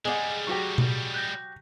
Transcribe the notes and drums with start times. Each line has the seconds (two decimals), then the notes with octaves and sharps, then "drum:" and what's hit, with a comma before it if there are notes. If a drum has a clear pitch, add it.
0.05 G3 G#3 G#4 D5 D#5 F#5
0.47 F#3 F#4 G4 C#6 A#6
0.78 drum: tom B2
1.14 F#6 G6 A#6